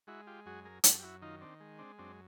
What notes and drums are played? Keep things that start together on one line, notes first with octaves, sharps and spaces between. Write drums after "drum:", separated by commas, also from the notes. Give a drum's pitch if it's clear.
G#3 E4 F#4
F4 G4
F#2 F#4 G#4
G#4 A#4
F#2 G4 A4, drum: hi-hat
G4
E4 F#4
D#3 D#4 F4
C4 D4
G#3
C4 D4
F#2 C4 D4